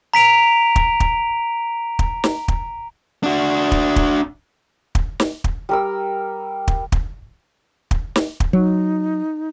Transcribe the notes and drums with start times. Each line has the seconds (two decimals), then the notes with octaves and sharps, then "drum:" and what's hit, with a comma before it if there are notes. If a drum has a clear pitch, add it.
0.14 A#5 B6 D7 F7
0.76 drum: kick
1.00 drum: kick
1.99 drum: kick
2.24 drum: snare
2.48 drum: kick
3.24 D4 F#4
3.72 drum: kick
3.96 drum: kick
4.95 drum: kick
5.20 drum: snare
5.44 drum: kick
5.69 G3 A#4 E6
6.68 drum: kick
6.92 drum: kick
7.91 drum: kick
8.16 drum: snare
8.40 drum: kick
8.53 F#3 D#4